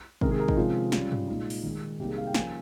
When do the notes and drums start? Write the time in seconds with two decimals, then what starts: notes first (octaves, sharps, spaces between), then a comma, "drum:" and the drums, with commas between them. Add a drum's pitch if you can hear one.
0.21 C3 D#3 G#3 C4 A#4, drum: kick
0.31 G#4
0.40 A#4
0.48 D#4, drum: kick
0.57 C3 F3 G#3 C#4 F4
0.92 C#3 G3 C#4, drum: snare
1.12 drum: tom G2
1.28 A#2 G#3 D#4
1.50 drum: open hi-hat
1.63 D#3 G#3 D#4
1.99 C3 G3 A#3 D#4 G4
2.08 G#4
2.18 F5
2.27 G5
2.34 F3 A#3 C#4 G#5, drum: snare